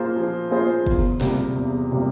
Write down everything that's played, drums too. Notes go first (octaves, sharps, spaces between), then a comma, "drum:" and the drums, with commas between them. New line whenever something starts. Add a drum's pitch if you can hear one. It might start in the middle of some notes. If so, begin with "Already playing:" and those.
Already playing: A#3 F4 G#4 C5
F3
A#3 F4 G#4 C5
E2, drum: kick
C3 G3 A#3, drum: snare
E2
C3 G3 A#3